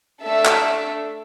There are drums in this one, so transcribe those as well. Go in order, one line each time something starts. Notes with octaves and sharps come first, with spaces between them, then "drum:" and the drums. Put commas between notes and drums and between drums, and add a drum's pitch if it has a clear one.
A3 D4 A4 E5
drum: clap